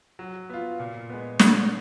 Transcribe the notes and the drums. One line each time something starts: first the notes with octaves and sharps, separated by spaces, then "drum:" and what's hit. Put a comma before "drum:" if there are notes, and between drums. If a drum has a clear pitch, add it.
F#3
B3 F4
A#2
G#3 B3
D3, drum: snare